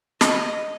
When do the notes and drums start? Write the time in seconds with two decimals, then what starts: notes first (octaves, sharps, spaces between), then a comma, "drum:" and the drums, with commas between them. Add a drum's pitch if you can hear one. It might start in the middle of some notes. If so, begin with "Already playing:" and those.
0.21 D#5, drum: snare